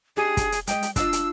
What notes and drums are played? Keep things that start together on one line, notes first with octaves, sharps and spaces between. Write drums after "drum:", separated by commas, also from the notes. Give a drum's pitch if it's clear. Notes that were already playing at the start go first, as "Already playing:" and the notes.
D4 D#4 G4 G#4
drum: kick, hi-hat
drum: hi-hat
G#3 D#5 G5, drum: hi-hat
drum: hi-hat
D4 F4 D#5 E6, drum: kick, hi-hat
drum: hi-hat